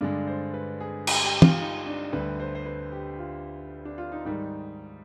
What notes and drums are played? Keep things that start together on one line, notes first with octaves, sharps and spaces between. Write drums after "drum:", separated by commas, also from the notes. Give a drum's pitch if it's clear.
G2 D3 G#3 D5
C5
B4
G#4
G4, drum: cymbal
G4
F4, drum: tom
D#4
D4
D2 D3 G3 B4
C5
C5
B4
G4
F4
D4
F4
D#4
G#2 D#3 G3 D#4